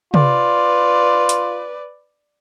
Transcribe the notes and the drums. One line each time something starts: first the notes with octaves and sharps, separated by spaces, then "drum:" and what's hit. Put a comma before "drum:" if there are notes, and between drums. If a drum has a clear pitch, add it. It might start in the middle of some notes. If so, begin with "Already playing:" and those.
F4 B4 D5, drum: tom
drum: hi-hat